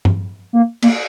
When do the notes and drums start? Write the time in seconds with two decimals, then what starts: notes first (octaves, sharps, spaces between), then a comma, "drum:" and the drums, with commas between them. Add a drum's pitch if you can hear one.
0.05 drum: tom
0.53 A#3
0.82 A#3, drum: cymbal